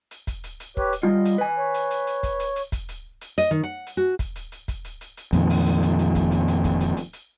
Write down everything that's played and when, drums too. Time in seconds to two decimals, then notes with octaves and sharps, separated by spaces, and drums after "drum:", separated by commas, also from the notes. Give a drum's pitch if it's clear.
0.11 drum: hi-hat
0.27 drum: kick, hi-hat
0.44 drum: hi-hat
0.60 drum: hi-hat
0.77 G4 B4 C#5, drum: kick
0.93 drum: hi-hat
1.03 G3 F4 D#5
1.25 drum: hi-hat
1.38 B4 G#5
1.58 C#5
1.74 drum: hi-hat
1.91 drum: hi-hat
2.07 drum: hi-hat
2.23 drum: kick, hi-hat
2.40 drum: hi-hat
2.56 drum: hi-hat
2.72 drum: kick, hi-hat
2.89 drum: hi-hat
3.21 drum: hi-hat
3.38 D#5, drum: hi-hat
3.51 D#3
3.64 F#5
3.87 drum: hi-hat
3.97 F#4
4.19 drum: kick, hi-hat
4.36 drum: hi-hat
4.52 drum: hi-hat
4.68 drum: kick, hi-hat
4.85 drum: hi-hat
5.01 drum: hi-hat
5.17 drum: hi-hat
5.33 F2 A#2 D#3, drum: hi-hat
5.50 drum: open hi-hat
5.66 drum: hi-hat
5.83 drum: hi-hat
5.99 drum: hi-hat
6.15 drum: kick, hi-hat
6.32 drum: hi-hat
6.48 drum: hi-hat
6.64 drum: kick, hi-hat
6.81 drum: hi-hat
6.97 drum: hi-hat
7.13 drum: hi-hat